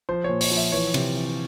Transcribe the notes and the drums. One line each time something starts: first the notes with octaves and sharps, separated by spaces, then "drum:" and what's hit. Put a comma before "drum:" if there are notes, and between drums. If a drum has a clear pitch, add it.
F3 C5
A#2 C#5
C#5, drum: open hi-hat
F3
E5
E3 C#5
C3, drum: cymbal
E3